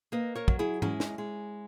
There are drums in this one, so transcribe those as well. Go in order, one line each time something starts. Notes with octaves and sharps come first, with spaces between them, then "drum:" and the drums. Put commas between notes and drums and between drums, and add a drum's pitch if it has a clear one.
A#3 B4 D#5
A#4 C#5
F#3, drum: kick
E4 G#4
G#3 C#4 E4, drum: tom G#2
drum: snare
G#3